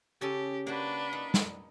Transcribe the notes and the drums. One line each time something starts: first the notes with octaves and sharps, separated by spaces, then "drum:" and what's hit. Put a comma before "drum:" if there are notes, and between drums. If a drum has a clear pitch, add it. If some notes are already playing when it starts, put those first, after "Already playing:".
C#3 C#4 G4 A4
A#3 D4 F#4 B4
D#4
drum: snare